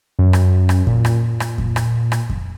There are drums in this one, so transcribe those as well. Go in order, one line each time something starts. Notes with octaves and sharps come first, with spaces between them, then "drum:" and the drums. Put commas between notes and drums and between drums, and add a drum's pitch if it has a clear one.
F#2
drum: rim click
drum: rim click
A#2, drum: kick F2
drum: rim click
drum: rim click
drum: kick F2
drum: rim click
drum: rim click
drum: kick F2